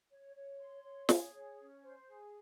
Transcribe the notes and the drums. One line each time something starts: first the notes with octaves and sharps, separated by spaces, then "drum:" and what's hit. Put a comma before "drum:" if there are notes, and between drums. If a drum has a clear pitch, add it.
C#5
C#5
C6
C#5
G#4, drum: snare
C#5
C#4
C5
G#4